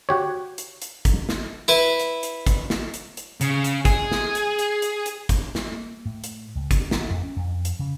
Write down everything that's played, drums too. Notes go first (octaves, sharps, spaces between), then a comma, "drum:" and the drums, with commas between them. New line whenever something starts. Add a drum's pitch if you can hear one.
F#4 G4 C#5
drum: hi-hat
drum: hi-hat
drum: kick, hi-hat
drum: snare
E4 B4
drum: hi-hat
drum: hi-hat
drum: kick, hi-hat
drum: snare
drum: hi-hat
drum: hi-hat
C#3, drum: hi-hat
drum: hi-hat
G#4, drum: kick, hi-hat
drum: snare
drum: hi-hat
drum: hi-hat
drum: hi-hat
drum: hi-hat
drum: kick, hi-hat
G3, drum: snare
A#3
A2
drum: hi-hat
C#2
drum: kick, hi-hat
A1, drum: snare
F2
C#4
F2
drum: hi-hat
C#3